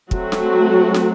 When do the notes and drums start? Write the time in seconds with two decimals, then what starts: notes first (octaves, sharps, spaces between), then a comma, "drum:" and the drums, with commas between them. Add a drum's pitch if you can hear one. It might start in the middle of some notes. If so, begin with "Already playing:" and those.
0.11 F#3 A3 C4 F#4, drum: kick
0.32 drum: snare
0.94 drum: snare